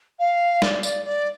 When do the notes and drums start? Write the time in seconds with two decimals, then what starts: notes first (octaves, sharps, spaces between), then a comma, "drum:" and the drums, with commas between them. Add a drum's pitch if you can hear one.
0.19 F5
0.62 D5, drum: snare
0.83 D5, drum: tambourine
1.05 D5